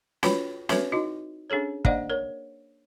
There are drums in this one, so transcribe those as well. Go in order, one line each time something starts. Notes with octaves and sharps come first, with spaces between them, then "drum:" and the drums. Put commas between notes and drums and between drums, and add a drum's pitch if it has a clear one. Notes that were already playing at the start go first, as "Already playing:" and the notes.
F4 F#4 B4 C#5 G5 B5, drum: snare
C4 F#4 A4 B4 C#5 E5, drum: snare
D#4 E4 F#4 D#5
C#4 D4 G#4 A4 C#5
A#3 D4 C5 D5 D#5 F#5, drum: kick
A#4 C#5